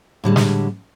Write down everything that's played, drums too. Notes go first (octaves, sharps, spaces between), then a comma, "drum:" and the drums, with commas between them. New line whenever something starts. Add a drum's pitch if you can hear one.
A2 D3 G3 G#3
drum: snare